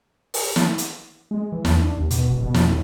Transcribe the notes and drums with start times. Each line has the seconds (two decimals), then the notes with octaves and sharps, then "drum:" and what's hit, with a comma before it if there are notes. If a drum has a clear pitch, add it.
0.34 drum: open hi-hat
0.56 drum: snare
0.78 drum: hi-hat
1.31 G#3
1.52 E3
1.65 E2, drum: snare
1.82 D4
1.97 D#2
2.11 B2, drum: hi-hat
2.29 E1
2.41 B2
2.54 F2, drum: snare
2.70 D#2